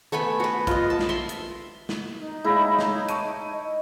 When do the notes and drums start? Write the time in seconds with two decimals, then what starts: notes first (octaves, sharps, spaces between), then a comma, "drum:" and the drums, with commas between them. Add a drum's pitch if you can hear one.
0.12 A3 B3 G#5 B5
0.40 F#4 B4
0.67 F4 D#5, drum: kick, hi-hat
0.90 A5
0.99 drum: snare
1.09 E5 C6
1.29 drum: hi-hat
1.89 drum: snare
2.20 D#4
2.45 G#3 E4 C#5 F5 B5 A#6
2.79 drum: snare
3.09 A5 C#6 D#7, drum: hi-hat
3.53 D#5